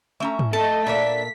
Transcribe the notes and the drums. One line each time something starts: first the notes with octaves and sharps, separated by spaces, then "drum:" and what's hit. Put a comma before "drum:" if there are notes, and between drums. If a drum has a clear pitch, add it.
A3 C#4 E5 A#5
drum: tom G#2
A3 A4 D#5 A5
A#2 A#3 D4 D5 E5 B6